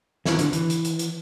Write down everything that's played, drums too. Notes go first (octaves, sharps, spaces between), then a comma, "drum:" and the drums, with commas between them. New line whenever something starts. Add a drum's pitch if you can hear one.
E3, drum: snare
D3, drum: hi-hat
E3, drum: hi-hat
drum: hi-hat
drum: hi-hat
drum: hi-hat